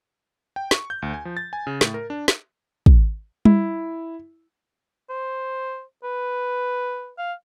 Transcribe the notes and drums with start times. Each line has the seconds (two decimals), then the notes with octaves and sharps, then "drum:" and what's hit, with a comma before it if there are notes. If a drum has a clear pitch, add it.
0.56 G5
0.71 C#6, drum: snare
0.90 G6
1.02 D2
1.14 G#5
1.25 F3
1.37 A6
1.53 G#5
1.67 C#3
1.81 A2, drum: snare
1.94 A#4
2.10 D4
2.28 drum: snare
2.86 drum: kick
3.45 E4, drum: tom G3
5.10 C5
6.04 B4
7.18 F5